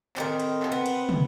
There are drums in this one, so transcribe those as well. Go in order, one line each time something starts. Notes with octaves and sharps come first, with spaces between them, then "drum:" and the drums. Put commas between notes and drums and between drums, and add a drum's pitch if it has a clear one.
A2 D#3 C4 A#4, drum: clap
drum: cymbal
drum: clap
B3
drum: cymbal
drum: tom